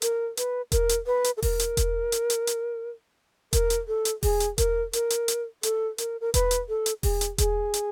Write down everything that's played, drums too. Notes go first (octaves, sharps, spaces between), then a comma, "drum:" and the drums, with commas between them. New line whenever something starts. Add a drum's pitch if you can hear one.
A#4, drum: hi-hat
B4, drum: hi-hat
A#4, drum: kick E1, hi-hat
drum: hi-hat
B4
drum: hi-hat
A4
A#4, drum: kick E1, open hi-hat
drum: hi-hat
drum: kick E1, hi-hat
drum: hi-hat
drum: hi-hat
drum: hi-hat
A#4, drum: kick E1, hi-hat
drum: hi-hat
A4
drum: hi-hat
G#4, drum: kick E1, open hi-hat
drum: hi-hat
A#4, drum: kick E1, hi-hat
A#4, drum: hi-hat
drum: hi-hat
drum: hi-hat
A4, drum: hi-hat
A#4, drum: hi-hat
A#4
B4, drum: kick E1, hi-hat
drum: hi-hat
A4
drum: hi-hat
G#4, drum: kick E1, open hi-hat
drum: hi-hat
G#4, drum: kick E1, hi-hat
drum: hi-hat